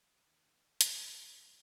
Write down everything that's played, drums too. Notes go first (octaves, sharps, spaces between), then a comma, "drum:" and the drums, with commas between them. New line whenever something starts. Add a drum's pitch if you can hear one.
D#3 A#3 D#4 G#4
D#3 A#3 D#4 G#4, drum: hi-hat
G3 C4 G4